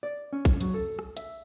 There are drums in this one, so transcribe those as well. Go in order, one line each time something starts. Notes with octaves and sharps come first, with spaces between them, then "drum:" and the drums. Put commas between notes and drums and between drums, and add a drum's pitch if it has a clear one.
D5
C#4
drum: kick, hi-hat
F#3, drum: hi-hat
A4
drum: rim click
E5, drum: hi-hat